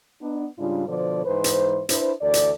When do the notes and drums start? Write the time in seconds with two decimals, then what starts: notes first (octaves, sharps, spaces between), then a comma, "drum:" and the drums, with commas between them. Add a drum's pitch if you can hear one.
0.20 B3 D4 D#4
0.58 G#2 C#3 G3 D4 F4
0.87 B2 D3 F3 A4 C5 D5
1.25 G#2 E3 B4 C5
1.44 drum: hi-hat
1.89 D4 E4 B4 C5, drum: hi-hat
2.20 D2 E3 A4 D5
2.34 drum: hi-hat